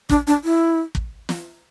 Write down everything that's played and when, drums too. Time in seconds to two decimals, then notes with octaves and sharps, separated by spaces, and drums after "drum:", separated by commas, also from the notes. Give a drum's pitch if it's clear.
0.10 D4, drum: kick
0.27 D4
0.44 E4
0.95 drum: kick
1.29 drum: snare